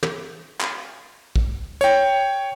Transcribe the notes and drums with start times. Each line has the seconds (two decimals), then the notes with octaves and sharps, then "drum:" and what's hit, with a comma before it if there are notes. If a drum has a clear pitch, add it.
0.03 drum: tom
0.60 drum: clap
1.36 drum: kick
1.81 C#5 G5, drum: hi-hat